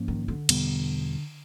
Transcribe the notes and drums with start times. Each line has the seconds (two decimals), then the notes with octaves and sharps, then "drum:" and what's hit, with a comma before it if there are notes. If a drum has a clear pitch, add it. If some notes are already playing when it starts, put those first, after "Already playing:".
Already playing: G#2 F3 A#3 C#4
0.08 D#3
0.28 D3
0.49 E2 B2 G3 B3, drum: cymbal